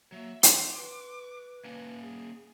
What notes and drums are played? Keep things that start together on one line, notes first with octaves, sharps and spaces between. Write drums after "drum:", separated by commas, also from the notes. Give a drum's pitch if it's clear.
F#3 A#3 E5
F#5 C6 D6, drum: hi-hat
B4
A#3 C#4
G#4